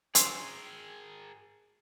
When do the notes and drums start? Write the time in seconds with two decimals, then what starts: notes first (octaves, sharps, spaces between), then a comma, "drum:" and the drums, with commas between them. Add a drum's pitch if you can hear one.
0.15 C#4 G#4 A#4 C6 E6 C7, drum: hi-hat